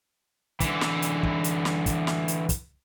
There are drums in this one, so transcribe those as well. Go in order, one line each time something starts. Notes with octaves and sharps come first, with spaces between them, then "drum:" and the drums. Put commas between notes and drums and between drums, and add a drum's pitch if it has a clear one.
D3 E3, drum: kick, hi-hat
drum: snare
drum: hi-hat
drum: kick
drum: hi-hat
drum: snare
drum: kick, hi-hat
drum: snare
drum: hi-hat
drum: kick, hi-hat